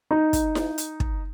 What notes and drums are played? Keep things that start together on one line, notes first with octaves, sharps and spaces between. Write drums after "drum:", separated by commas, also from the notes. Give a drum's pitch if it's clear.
D#4
drum: kick, hi-hat
drum: snare E4
drum: hi-hat
drum: kick